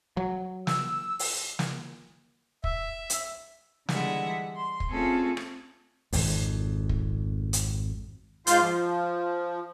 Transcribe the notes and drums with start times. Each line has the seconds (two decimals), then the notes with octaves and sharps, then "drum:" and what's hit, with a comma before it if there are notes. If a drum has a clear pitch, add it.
0.17 F#3
0.67 E6, drum: snare
1.19 drum: open hi-hat
1.59 drum: snare
2.64 E5, drum: kick
3.10 drum: hi-hat
3.89 D3 E3 G3 G#3 E5 F#5, drum: snare
4.55 C6
4.80 drum: kick
4.90 A3 C4 C#4 F4 G#4 A4
5.37 drum: rim click
6.13 G#1 F2, drum: open hi-hat
6.89 drum: kick
7.53 drum: hi-hat
8.47 G#2 F4 F5 G6, drum: hi-hat
8.62 F3